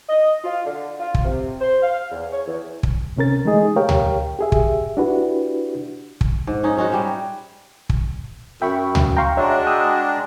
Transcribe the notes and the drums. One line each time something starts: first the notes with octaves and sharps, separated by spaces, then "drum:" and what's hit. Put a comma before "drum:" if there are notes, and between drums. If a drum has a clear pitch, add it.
D#5
F4
D3
F4
drum: kick
C3
C5
F5
E2
C#5
E2
drum: kick
C#2 C3 C#4 A#4 A6
E3 G#3 A3 D#4 G#4 D#5
G4 A#4 C#5 F5 G5
drum: tom C#2
G4 G#4 E5
drum: kick
D4 E4 F#4 G4 B4
drum: kick
G#2
C#4 D#4
G#3 C#4 D#4 F#4
G3 E5
drum: kick
F#2 E5 G5 B5 C#6
drum: tom C#2
F5 G5 A#5 C6 C#6
G#3 D4 F#4 C#5 E5
G5 D#6 E6